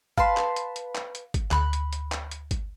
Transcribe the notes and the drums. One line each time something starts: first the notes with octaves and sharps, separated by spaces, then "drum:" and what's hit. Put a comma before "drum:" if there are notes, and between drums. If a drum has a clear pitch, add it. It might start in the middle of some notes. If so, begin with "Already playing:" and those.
B4 F5 A5 C6, drum: kick G1
drum: clap
drum: hi-hat
drum: hi-hat
drum: clap
drum: hi-hat
drum: kick G1, hi-hat
D2 B5 F#6, drum: clap
drum: hi-hat
drum: hi-hat
drum: clap
drum: hi-hat
drum: kick G1, hi-hat